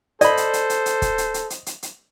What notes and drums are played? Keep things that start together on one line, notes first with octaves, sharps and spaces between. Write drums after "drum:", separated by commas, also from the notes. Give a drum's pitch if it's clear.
A4 C5 D5 D#5 B5, drum: hi-hat
drum: hi-hat
drum: hi-hat
drum: hi-hat
drum: hi-hat
drum: kick, hi-hat
drum: hi-hat
drum: hi-hat
drum: hi-hat
drum: hi-hat
drum: hi-hat